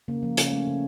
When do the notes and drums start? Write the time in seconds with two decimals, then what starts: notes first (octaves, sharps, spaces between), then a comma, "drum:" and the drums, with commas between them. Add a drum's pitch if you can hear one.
0.08 C#3 A#3
0.23 F3 A#3
0.37 C#3 C#4, drum: hi-hat
0.52 A3
0.67 C#3